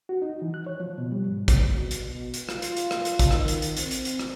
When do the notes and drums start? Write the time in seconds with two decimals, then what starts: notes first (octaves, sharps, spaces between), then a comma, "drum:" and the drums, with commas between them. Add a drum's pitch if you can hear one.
0.09 F#4
0.22 D#4
0.42 E3
0.54 F#6
0.67 C#5
0.80 F3
0.98 B2
1.12 G3
1.27 G#2
1.48 drum: kick, hi-hat
1.71 B2
1.91 drum: hi-hat
2.34 drum: hi-hat
2.49 F4, drum: rim click
2.62 drum: hi-hat
2.77 drum: hi-hat
2.91 drum: rim click
3.05 drum: hi-hat
3.19 drum: kick, hi-hat
3.31 D#3, drum: rim click
3.48 drum: hi-hat
3.62 drum: hi-hat
3.77 C4, drum: hi-hat
3.91 drum: hi-hat
4.05 drum: hi-hat
4.19 drum: rim click